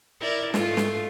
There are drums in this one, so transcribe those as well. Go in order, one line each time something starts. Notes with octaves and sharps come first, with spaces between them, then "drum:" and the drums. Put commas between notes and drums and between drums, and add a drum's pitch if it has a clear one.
E4 A#4 D5
G#2 A3 F4, drum: snare
drum: snare